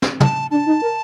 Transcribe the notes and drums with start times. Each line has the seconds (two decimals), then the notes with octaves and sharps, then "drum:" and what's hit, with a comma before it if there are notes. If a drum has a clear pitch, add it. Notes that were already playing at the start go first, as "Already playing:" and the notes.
0.02 drum: snare
0.20 A5, drum: tom
0.51 D4 A5
0.66 D#4
0.82 A#4